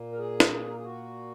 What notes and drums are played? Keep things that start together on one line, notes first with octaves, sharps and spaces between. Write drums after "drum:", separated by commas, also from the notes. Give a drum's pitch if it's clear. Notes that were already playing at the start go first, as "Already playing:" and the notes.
Already playing: A#2 A#3
A#4
G#4
drum: snare
A#4
G#4
F#4